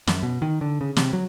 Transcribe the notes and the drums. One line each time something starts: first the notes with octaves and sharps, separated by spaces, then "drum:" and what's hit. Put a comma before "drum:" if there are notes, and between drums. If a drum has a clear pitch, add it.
F#2, drum: snare
B2
D#3
D3
C#3
C3, drum: snare
F#3